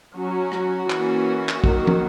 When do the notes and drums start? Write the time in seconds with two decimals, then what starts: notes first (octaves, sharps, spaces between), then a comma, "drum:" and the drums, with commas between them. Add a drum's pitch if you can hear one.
0.15 F#3 C#4 F#4
0.52 drum: rim click
0.90 E3 A#3 C#4, drum: clap
1.49 drum: clap
1.64 D#3 F#3 A#3, drum: kick
1.87 drum: tom